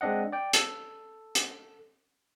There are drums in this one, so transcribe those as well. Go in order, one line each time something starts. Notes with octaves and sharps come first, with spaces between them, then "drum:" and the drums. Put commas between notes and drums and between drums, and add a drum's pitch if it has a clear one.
G#3 C4 D4 D#5 F#5
D5 G5
A4, drum: hi-hat
drum: hi-hat